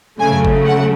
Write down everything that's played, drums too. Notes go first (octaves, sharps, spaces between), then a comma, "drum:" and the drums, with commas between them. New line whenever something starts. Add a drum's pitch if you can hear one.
C#3 F#3 A3 G#5
drum: tom E2
drum: kick G1
F#5